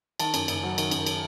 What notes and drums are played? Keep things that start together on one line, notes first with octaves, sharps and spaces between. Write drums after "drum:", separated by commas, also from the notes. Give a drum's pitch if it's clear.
D#3 A5, drum: cymbal
F#2, drum: cymbal
F#1, drum: cymbal
F#3
D#3, drum: cymbal
F#2, drum: cymbal
drum: cymbal